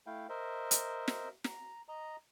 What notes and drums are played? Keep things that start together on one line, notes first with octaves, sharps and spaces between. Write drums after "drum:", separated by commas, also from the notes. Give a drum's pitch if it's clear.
A3 E4 F5 G5
A#4 C5 D#5 E5
drum: hi-hat
drum: snare
A#5, drum: snare
D#5 A#5